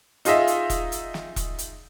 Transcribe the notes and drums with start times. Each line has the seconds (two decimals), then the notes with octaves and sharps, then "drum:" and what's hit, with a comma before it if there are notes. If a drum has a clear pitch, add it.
0.25 D#4 F4 G#4 D#5 E5, drum: hi-hat
0.47 drum: hi-hat
0.70 drum: kick E1, hi-hat
0.92 drum: hi-hat
1.14 drum: snare
1.36 drum: kick E1, hi-hat
1.59 drum: hi-hat